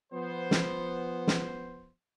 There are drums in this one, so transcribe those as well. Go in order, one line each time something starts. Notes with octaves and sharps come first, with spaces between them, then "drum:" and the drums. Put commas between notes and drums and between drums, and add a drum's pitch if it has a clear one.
F3 B3 C5
drum: snare
drum: snare